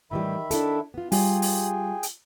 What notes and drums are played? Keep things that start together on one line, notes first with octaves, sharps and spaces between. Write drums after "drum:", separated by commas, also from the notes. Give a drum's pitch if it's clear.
A2 D#3 E3 G3 E5 B5
D4 E4 A4, drum: hi-hat
B3 F4
G3 F4 G4 G#4 G5 G#5, drum: open hi-hat
drum: open hi-hat
drum: hi-hat